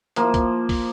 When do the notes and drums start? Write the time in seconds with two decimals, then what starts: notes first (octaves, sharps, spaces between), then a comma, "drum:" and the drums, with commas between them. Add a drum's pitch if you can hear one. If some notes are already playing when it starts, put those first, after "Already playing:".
0.16 F3 A#3, drum: hi-hat
0.34 drum: kick, hi-hat
0.69 drum: kick, open hi-hat